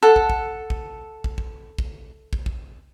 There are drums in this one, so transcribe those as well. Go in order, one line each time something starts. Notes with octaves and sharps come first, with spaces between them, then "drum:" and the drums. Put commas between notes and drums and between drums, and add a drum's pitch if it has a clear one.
A4 F#5
drum: kick
drum: kick
drum: kick
drum: kick
drum: kick
drum: kick
drum: kick
drum: kick